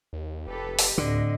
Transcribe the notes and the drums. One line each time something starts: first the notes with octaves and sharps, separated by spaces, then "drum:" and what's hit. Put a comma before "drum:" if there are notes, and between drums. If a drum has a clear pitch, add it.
D#2
F1 G4 A4 B4
drum: open hi-hat
D2 A2 D3 C4 D#5